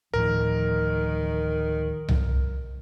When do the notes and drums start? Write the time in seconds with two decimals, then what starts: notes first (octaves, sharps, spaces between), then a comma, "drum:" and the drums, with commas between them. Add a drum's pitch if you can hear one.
0.14 D1 A2 D#3 F3 A#4
2.09 drum: tom C2